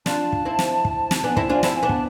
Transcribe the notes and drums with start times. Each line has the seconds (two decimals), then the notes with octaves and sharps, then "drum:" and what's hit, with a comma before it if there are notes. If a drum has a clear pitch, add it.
0.06 D4 F4 A5, drum: snare
0.33 drum: kick
0.45 C4 E4
0.59 drum: snare
0.85 drum: kick
1.11 drum: snare
1.24 B3 D4 G#5
1.37 C4 E4 A5, drum: kick
1.50 D4 F4 G#5
1.63 C4 E4 A5, drum: snare
1.77 G#5
1.83 B3 D4
1.89 A5, drum: kick